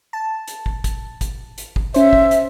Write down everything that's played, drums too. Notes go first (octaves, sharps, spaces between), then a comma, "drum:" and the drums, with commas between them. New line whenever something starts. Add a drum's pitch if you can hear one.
A5
drum: hi-hat
drum: kick
drum: kick, hi-hat
drum: kick, hi-hat
drum: hi-hat
drum: kick
C#4 C5 E5, drum: hi-hat
drum: kick
drum: hi-hat